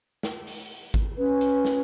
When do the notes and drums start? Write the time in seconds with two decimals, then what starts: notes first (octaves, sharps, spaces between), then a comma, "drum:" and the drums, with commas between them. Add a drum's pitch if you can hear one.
0.23 drum: snare
0.47 drum: open hi-hat
0.94 drum: kick G#1, hi-hat
1.18 C#4 B4
1.41 drum: hi-hat
1.65 drum: snare